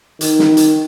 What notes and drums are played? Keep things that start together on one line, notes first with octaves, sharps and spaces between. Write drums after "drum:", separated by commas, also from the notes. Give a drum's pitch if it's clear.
D#3, drum: hi-hat
drum: snare
drum: hi-hat